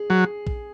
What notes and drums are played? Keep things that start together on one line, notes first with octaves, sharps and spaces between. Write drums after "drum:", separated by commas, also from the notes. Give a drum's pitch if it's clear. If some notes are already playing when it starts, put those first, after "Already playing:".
Already playing: G#4
F#3
drum: kick A#1